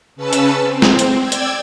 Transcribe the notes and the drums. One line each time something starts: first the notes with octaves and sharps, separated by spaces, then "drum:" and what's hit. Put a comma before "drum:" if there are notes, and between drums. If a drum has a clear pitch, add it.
C#3 C#4 B4 A5 E6
drum: hi-hat
C4
drum: snare
drum: hi-hat
D5 G5 E6 G#6
drum: hi-hat